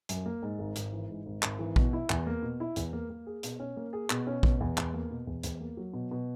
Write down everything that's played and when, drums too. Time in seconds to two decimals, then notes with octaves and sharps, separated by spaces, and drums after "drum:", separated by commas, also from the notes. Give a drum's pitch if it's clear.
0.09 F#2, drum: hi-hat
0.26 A#3
0.42 G#2
0.59 G#1
0.76 G#1, drum: hi-hat
0.92 E3
1.10 G#2
1.26 G#1
1.43 G#1, drum: clap
1.59 E3
1.76 B2, drum: kick A#1
1.93 E4
2.10 E2, drum: clap
2.27 A#3
2.42 B2
2.60 E4
2.76 E2, drum: hi-hat
2.93 A#3
3.10 A#3
3.26 G#4
3.43 B2, drum: hi-hat
3.60 C#4
3.77 A#3
3.93 G#4
4.10 B2, drum: clap
4.27 C#4
4.43 B2, drum: kick A#1
4.61 E2
4.77 E2, drum: clap
4.94 A#3
5.10 B2
5.27 E2
5.43 E2, drum: hi-hat
5.60 A#3
5.77 F#3
5.93 B2
6.11 B2